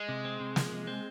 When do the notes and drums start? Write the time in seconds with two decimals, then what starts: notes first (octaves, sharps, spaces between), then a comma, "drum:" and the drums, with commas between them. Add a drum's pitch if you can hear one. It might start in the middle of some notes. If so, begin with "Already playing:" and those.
Already playing: G#3
0.09 C3
0.25 C4
0.40 C3
0.56 F3, drum: snare
0.71 C3
0.87 C4